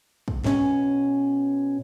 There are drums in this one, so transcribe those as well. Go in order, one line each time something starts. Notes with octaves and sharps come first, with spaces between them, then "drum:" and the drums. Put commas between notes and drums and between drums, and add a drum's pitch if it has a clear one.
drum: kick
B2 C#4 G#5, drum: snare